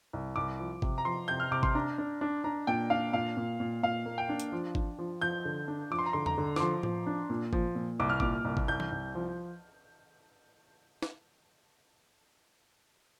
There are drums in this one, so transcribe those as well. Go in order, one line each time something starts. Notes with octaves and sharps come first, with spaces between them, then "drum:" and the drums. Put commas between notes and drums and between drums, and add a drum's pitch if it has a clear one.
C2
C2 D6
F3
C3, drum: kick G#1
A#5
F3 C6
C3 G6
F6
C3 D6
C6, drum: kick G#1
D4 A#5
D4
D4
D4 A#5
A#2 G5
D4 F5
A#2 F5
A#2
A#2
A#2 F5
A#3
G5
D4
drum: hi-hat
F3
D4, drum: kick G#1
F3
F3 G6
D3
D4
F3 D6
C6
A#5
D3 C6
A#5, drum: tom E2
D3
D6, drum: snare
F3 C6
F3, drum: tom A2
D4
A#2
F3, drum: kick G#1
A#2
C2 D6
F6
A#2 D6, drum: kick G#1
C2
drum: kick G#1
C2 G6
drum: tom E3
C2
F3
drum: snare